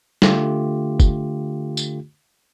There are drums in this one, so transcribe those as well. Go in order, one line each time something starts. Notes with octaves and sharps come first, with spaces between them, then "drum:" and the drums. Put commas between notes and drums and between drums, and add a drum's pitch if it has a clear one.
D3 A3 F4 G4, drum: snare
drum: kick, tambourine
drum: tambourine